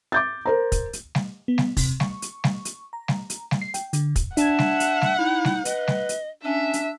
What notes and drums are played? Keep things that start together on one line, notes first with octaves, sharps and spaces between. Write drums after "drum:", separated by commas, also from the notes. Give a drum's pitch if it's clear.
D6 G6 A6
A#4 C5 A#5
drum: kick, hi-hat
drum: hi-hat
drum: snare G3
B3
drum: snare G3
C3, drum: kick, open hi-hat
C#6, drum: snare G3
drum: hi-hat
drum: snare G3
drum: hi-hat
A#5
drum: snare G3
drum: hi-hat
drum: snare G3
C7
G5, drum: hi-hat
D3, drum: hi-hat
drum: kick, hi-hat
D4 E5 F#5 A5 G#6, drum: hi-hat
drum: snare G3
drum: hi-hat
drum: snare G3
D#4 E4
drum: snare G3
B4 D#5, drum: hi-hat
drum: snare G3
drum: hi-hat
C#4 D4 E5
drum: hi-hat